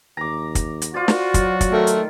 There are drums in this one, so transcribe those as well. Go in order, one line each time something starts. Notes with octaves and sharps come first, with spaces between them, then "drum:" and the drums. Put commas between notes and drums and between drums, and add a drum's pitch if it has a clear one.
D#2 A#5 D6
drum: kick, hi-hat
drum: hi-hat
F4 F#4 C5 D5
drum: snare
F#3, drum: kick, hi-hat
drum: kick, hi-hat
D#3 A3 A#4
drum: hi-hat